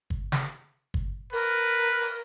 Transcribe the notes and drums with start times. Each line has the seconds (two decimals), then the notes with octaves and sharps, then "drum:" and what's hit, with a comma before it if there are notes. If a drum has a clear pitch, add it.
0.10 drum: kick G1
0.32 drum: snare
0.94 drum: kick G1
1.33 A#4 B4, drum: open hi-hat
2.01 drum: open hi-hat